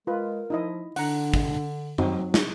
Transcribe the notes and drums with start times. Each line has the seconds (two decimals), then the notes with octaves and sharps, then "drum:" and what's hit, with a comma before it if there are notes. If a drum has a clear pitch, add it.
0.07 G#3 F4 A#4 B4
0.50 F3 D#4 E4 D#5
0.96 D3 D4 F#5 A#5, drum: open hi-hat
1.34 drum: kick
1.98 F#3 C4 D#4 F#4, drum: tom F#2
2.34 drum: snare